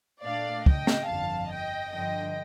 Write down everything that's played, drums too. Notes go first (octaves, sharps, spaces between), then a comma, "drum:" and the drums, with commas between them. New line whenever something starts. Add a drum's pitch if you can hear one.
A#2 A3 D4 D5 F5
D#5 G5, drum: kick
drum: snare
G1 F2 D3 F5 A5
D#5 G5
G2 D3 F3 D#5 G5